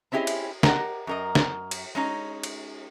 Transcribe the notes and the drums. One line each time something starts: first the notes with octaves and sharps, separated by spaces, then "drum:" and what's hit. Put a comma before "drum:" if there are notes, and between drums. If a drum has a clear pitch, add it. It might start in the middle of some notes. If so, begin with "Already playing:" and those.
C4 C#4 E4 G4 G#4 D#5
drum: cymbal
G4 A#4 D#5 F#5, drum: snare
F#2 A#4 D#5
drum: snare
drum: cymbal
G#3 C#4 D#4
drum: cymbal